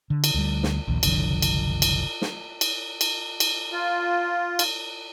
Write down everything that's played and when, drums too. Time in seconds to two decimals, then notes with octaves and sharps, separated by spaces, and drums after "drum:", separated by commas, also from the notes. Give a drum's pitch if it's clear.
0.10 D3
0.24 drum: cymbal
0.34 D2 G3
0.63 drum: snare
0.88 A#1 D#2
1.03 F#1 C2 D3 F3, drum: cymbal
1.42 drum: cymbal
1.82 drum: cymbal
2.22 drum: snare
2.61 drum: cymbal
3.01 drum: cymbal
3.40 drum: cymbal
3.72 F4
4.59 drum: cymbal